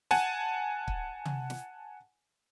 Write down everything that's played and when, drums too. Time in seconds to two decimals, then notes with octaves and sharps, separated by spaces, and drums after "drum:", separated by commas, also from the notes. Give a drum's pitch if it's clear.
0.11 F#5 G#5 A5, drum: snare
0.88 drum: kick
1.25 drum: tom
1.50 drum: snare